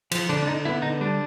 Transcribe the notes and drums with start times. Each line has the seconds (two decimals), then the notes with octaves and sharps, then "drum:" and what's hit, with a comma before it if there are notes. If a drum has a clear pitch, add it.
0.11 F3, drum: cymbal
0.29 D3 D4
0.43 D4
0.47 D3 D#4
0.65 B3 E4
0.82 D3 D#4
1.01 G3 D4